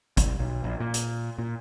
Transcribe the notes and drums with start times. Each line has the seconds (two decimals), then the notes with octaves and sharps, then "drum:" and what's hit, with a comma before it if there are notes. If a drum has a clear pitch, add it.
0.17 C2, drum: kick, hi-hat
0.39 B1
0.64 A#1
0.80 A#2
0.94 drum: hi-hat
1.38 A#2